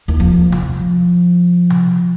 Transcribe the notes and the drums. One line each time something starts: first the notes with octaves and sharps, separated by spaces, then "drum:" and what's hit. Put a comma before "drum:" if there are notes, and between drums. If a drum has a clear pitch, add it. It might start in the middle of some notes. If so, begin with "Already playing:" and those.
D#2
F3, drum: kick
F3, drum: tom C3
drum: tom C3